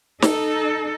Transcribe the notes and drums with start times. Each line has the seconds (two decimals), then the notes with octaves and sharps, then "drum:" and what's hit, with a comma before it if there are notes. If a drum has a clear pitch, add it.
0.22 D#4 A4, drum: snare